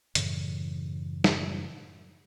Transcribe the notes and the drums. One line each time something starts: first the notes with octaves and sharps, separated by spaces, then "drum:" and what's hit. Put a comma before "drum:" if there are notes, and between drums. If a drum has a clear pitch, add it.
F#2 A2 C#3 E3, drum: hi-hat
drum: snare